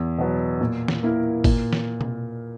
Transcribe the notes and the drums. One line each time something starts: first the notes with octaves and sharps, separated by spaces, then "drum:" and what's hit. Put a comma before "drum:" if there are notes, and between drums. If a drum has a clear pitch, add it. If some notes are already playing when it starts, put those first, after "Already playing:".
Already playing: E2
B2 F#3 B3
A#2
drum: snare
A#3 E4 A#4
A#2, drum: kick, open hi-hat
drum: snare
drum: tom B2